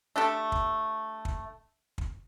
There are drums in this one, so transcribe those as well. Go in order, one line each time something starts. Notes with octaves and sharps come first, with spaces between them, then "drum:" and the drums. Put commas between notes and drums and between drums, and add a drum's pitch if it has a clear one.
A3 D4 G4 A4
drum: kick
drum: kick
drum: kick